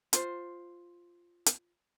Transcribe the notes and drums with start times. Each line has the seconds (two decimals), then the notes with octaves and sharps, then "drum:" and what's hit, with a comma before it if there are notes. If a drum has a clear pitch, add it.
0.13 F4 C5, drum: hi-hat
1.46 drum: hi-hat